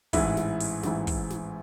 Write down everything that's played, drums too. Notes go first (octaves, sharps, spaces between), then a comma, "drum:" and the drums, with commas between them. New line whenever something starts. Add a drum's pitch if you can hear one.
A1 G#2 E3 E4, drum: kick, open hi-hat
drum: snare
drum: open hi-hat
A1 G#2 E3, drum: snare
drum: kick, open hi-hat
drum: snare